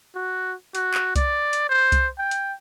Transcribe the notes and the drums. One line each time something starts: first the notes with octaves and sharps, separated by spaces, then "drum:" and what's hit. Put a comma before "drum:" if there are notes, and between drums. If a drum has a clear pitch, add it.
F#4
F#4, drum: hi-hat
drum: clap
D5, drum: kick C2, hi-hat
drum: hi-hat
C5
drum: kick C2, hi-hat
G5
drum: hi-hat